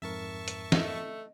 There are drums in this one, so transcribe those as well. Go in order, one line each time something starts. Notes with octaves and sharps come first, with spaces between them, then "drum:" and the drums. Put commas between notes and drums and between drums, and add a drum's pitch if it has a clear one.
F2 G#2 A#4 E5 A5 C#6
drum: hi-hat
A3 D#5, drum: snare